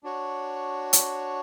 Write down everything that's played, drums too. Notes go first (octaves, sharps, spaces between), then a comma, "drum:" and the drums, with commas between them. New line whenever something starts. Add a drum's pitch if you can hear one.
D4 F#4 C#5
drum: hi-hat